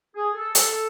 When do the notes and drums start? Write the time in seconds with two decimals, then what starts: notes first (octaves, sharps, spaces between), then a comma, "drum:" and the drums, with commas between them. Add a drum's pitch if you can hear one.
0.14 G#4
0.34 A4
0.55 A4, drum: hi-hat